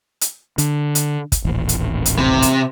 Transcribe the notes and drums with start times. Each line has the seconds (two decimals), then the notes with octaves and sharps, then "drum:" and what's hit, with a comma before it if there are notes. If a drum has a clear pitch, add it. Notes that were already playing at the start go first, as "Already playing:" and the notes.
0.21 drum: hi-hat
0.58 D3, drum: hi-hat
0.95 drum: hi-hat
1.32 drum: kick, hi-hat
1.45 D#1 A1
1.69 drum: hi-hat
2.06 drum: hi-hat
2.19 C3
2.42 drum: hi-hat